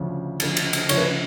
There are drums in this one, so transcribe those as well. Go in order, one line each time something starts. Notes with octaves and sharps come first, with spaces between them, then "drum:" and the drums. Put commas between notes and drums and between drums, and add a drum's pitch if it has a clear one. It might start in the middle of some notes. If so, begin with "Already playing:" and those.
Already playing: D2 C#3 F3
D2 C#3 F3, drum: cymbal
drum: cymbal
drum: cymbal
D2 C#3 F3 C#5, drum: cymbal
B4